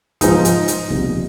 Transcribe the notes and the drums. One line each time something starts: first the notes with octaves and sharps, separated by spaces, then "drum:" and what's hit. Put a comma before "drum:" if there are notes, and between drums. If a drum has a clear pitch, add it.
G#2 F3 D#4, drum: kick, hi-hat
drum: hi-hat
drum: hi-hat
C2 A#2 F3, drum: kick